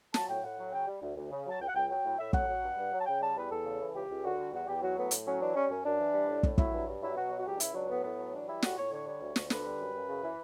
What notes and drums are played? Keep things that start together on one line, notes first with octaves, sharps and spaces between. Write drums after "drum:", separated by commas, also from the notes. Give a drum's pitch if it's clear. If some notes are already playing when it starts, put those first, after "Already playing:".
F#3 A5, drum: snare
A2 G5
A2 F#5
F#3
C#3 G5
G3
D2
D2
C#3
F#3 A5
C#2 G5
F#5
C#2 G5
F#3 G5
A2
A2 E5
F#3 F#5, drum: kick
F#3
G2
G2
F#3
A5
C#3 G5
G3 A5
E2 B4
E2 A4
C#3
E3
C#2 G4
C#2
D3 F#4
G3
E2 F#4
E2 G4
F#3 F#4
A2 B3
A2, drum: hi-hat
F#3 C#4
E3 D4
G3 C#4
F#2 C#4
F#2 D4
E3
G3
A2
A2, drum: kick
F#3 E4, drum: kick
G2
G2
F#3 E4
B2 F#4
F#3
F#4
C#2 G4
D4
C#2 E4, drum: hi-hat
F#3 D4
A2 B3
A2 B3
F#3
E3 D4
G3 E4
A2 F#4, drum: snare
A2 C#5
D3 C#5
G3 C#5
D2
D2, drum: snare
D3 B4, drum: snare
G3
F#2
F#2
C#3
E3